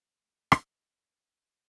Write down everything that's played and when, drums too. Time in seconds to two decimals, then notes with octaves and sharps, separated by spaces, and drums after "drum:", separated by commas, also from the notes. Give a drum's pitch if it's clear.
0.14 D3 E3 G#3 A3 C#5
0.52 drum: rim click
0.66 G4 G#4 A#4 D#5
0.88 B2 D4 C5 G5